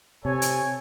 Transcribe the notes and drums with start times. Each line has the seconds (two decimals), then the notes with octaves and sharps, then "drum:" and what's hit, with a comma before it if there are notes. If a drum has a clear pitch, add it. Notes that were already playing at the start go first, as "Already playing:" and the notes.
0.25 C3 A4 C#5 G#5
0.42 drum: hi-hat